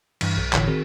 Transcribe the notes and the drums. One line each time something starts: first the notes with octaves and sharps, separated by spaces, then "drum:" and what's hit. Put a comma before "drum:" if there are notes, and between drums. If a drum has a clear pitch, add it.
G2 E3, drum: cymbal
B1
G1 A2 D3 E3 C#5, drum: clap
D#3 C4 F#4 G#4 A#4